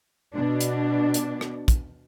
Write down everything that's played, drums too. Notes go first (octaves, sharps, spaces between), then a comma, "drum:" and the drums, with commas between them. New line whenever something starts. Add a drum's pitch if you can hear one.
B2 D4
drum: hi-hat
drum: hi-hat
drum: rim click
drum: kick, hi-hat